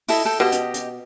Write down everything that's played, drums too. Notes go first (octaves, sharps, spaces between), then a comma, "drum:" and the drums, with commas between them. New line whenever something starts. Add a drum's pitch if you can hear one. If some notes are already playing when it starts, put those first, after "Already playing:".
E4 A4 D#5, drum: open hi-hat
A4 G5
B2 G4 D#5
drum: hi-hat
drum: hi-hat